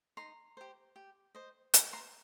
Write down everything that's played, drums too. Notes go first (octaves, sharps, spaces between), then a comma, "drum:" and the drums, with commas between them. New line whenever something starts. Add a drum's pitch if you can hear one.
D#4 A#5 C6
G4 C5
G4
C5 D#5
G4 A5 B5, drum: hi-hat
A#5 C6